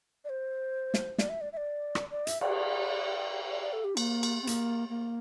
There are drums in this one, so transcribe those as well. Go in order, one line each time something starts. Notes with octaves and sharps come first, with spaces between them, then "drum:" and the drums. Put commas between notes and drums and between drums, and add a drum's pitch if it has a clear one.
D5
C5
drum: snare
D5, drum: snare
E5
D5
E5
D5
drum: rim click
D5
E5, drum: hi-hat
D5, drum: cymbal
D5
D5
D5
A4
G4
A#3, drum: cymbal
drum: cymbal
C4
A#3, drum: hi-hat
A#3